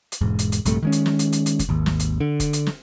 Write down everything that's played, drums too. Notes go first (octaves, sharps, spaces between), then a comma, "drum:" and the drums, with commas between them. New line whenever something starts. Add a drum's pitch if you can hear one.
drum: hi-hat
E1 G#2
drum: hi-hat
drum: hi-hat
A#1 G2 C3 A3, drum: hi-hat
D#3 G#3 C#4
drum: hi-hat
drum: snare
drum: hi-hat
drum: hi-hat
drum: hi-hat
drum: kick F#1, hi-hat
G#1 D#2
drum: snare
drum: hi-hat
D3
drum: kick F#1, hi-hat
drum: hi-hat
drum: snare